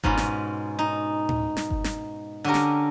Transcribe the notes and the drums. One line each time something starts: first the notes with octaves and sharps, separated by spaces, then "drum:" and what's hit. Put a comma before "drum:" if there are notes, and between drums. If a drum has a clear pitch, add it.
G#2 B2 C#4 F4 B5, drum: kick G1
drum: snare
D#4
drum: tom A2
drum: snare
drum: kick G1
drum: snare
D3 C#4 D4 G4 A#4
drum: snare